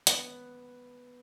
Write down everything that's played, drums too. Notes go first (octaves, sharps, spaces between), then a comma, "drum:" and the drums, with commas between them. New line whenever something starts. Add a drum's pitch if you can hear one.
B3, drum: hi-hat